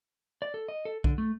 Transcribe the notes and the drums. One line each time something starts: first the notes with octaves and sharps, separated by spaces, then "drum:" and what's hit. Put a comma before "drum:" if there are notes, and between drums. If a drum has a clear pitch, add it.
D5
A4
D#5
A4
D3, drum: kick B1
A3